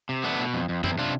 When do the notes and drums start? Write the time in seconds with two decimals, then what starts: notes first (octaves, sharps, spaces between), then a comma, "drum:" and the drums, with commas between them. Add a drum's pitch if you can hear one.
0.09 C3
0.24 A3 B3 D4
0.39 B2
0.54 F2
0.69 F2
0.84 E2 C4 E4, drum: tom F#2
0.98 C3 D4 F4